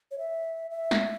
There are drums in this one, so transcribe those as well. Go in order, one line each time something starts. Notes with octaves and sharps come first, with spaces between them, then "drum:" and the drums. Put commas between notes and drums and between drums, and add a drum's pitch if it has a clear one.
C#5
E5
E5
drum: snare